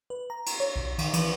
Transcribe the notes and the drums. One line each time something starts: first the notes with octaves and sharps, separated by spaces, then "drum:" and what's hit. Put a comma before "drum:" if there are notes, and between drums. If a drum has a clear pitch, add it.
B4
A#5
drum: cymbal
C#5
B1
D#3, drum: cymbal
E3, drum: cymbal